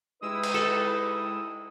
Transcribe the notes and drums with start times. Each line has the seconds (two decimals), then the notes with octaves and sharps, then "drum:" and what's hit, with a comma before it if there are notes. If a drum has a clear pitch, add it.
0.22 G#3 D#4 E4 G4 B4 D#6 E6
0.43 drum: cymbal
0.54 A4 D#5 B5